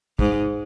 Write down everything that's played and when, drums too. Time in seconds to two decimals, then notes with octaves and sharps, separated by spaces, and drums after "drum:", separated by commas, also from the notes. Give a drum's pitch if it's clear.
0.19 G#2, drum: kick